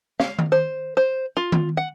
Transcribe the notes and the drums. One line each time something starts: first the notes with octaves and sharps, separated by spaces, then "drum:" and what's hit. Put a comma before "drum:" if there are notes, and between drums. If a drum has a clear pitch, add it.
F5, drum: snare
drum: tom D#3
C5
C5
F4
drum: tom D#3
F#5